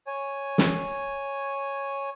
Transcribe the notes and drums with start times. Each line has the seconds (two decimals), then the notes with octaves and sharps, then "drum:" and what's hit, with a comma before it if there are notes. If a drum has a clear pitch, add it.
0.07 C#5 G#5
0.58 drum: snare